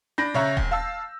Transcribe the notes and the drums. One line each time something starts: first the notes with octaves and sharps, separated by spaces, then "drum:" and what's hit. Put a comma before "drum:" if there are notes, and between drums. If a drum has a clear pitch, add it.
D4 B5 G6 A#6
C#3 C#5 E5 A#5 F#6
F1, drum: kick D#1
F5 A5 E6